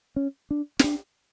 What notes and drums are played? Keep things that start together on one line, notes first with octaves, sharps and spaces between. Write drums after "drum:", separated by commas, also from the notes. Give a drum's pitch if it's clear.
C#4
D4
C#4, drum: snare
D4